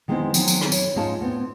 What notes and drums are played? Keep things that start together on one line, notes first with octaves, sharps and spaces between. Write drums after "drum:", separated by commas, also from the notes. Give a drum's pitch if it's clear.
D#3 G#3 A3 B3 C4 E4
D#3 F#3 G#3 B3 C4, drum: tambourine
drum: tambourine
drum: rim click
C#5, drum: tambourine
G#2 G#3 C#4 F4 C#5 A5
A2 B3 C4